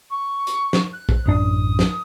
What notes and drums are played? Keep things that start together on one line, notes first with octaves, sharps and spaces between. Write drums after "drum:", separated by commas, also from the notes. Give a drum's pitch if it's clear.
C#6
drum: hi-hat
drum: snare
F#6
drum: kick
A1 F#2 D4 D#6
drum: snare